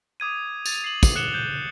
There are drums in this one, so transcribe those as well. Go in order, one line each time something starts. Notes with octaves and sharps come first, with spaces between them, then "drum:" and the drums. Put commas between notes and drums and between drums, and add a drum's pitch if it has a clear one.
D6 D#6 G#6 D#7
A6 F7, drum: tambourine
C7 F#7
drum: kick, tambourine
F#6 C#7 E7 G7
G6